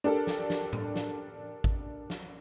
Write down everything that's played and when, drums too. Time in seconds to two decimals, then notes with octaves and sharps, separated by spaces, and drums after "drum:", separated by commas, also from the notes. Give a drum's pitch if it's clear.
0.04 D4 G4 A4 A#4
0.27 drum: snare
0.50 drum: snare
0.73 drum: tom A2
0.96 drum: snare
1.64 drum: kick G#1
2.10 drum: snare